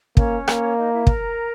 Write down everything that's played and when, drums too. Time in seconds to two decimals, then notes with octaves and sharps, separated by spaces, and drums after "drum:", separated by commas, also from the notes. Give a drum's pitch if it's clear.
0.17 A#3 C#4 C#5, drum: kick
0.48 A#3, drum: rim click
0.77 D#4 D#5
0.92 E4 E5
1.07 A#4 A#5, drum: kick